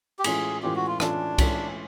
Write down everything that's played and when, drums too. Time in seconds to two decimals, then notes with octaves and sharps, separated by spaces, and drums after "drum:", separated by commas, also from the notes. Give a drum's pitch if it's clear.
0.19 G4
0.24 A2 E3 G#3 C#4 F4 G#4, drum: cymbal
0.62 A2 E3 G#3 C#4 F4 G4
0.76 F#4
0.87 F4
1.00 A2 E3 G#3 C#4 D4 F4, drum: rim click
1.38 A2 E3 G#3 C#4 F4, drum: kick C2, cymbal